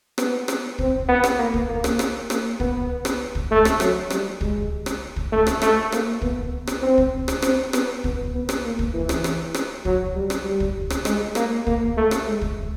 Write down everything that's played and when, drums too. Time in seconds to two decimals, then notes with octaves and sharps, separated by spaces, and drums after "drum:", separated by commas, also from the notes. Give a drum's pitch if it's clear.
0.18 B3, drum: rim click
0.48 drum: rim click
0.78 C4, drum: kick
1.08 B3
1.24 drum: rim click
1.39 A#3
1.54 drum: kick
1.68 A#3
1.84 drum: rim click
1.99 drum: rim click
2.30 A#3, drum: rim click
2.60 B3, drum: kick
3.05 drum: rim click
3.35 drum: kick
3.51 A3
3.65 drum: rim click
3.80 F#3, drum: rim click
4.10 G3, drum: rim click
4.41 G#3, drum: kick
4.86 drum: rim click
5.16 drum: kick
5.32 A3
5.47 drum: rim click
5.62 A3, drum: rim click
5.92 A#3, drum: rim click
6.22 B3, drum: kick
6.67 drum: rim click
6.82 C4
6.98 drum: kick
7.28 drum: rim click
7.42 C4, drum: rim click
7.73 B3, drum: rim click
8.04 B3, drum: kick
8.34 B3
8.49 drum: rim click
8.64 A#3
8.79 drum: kick
8.94 E3
9.09 drum: rim click
9.24 drum: rim click
9.54 drum: rim click
9.85 F#3, drum: kick
10.15 G3
10.30 drum: rim click
10.44 G3
10.60 drum: kick
10.90 drum: rim click
11.05 G#3, drum: rim click
11.35 A#3, drum: rim click
11.67 A#3, drum: kick
11.97 A3
12.11 drum: rim click
12.27 G#3
12.41 drum: kick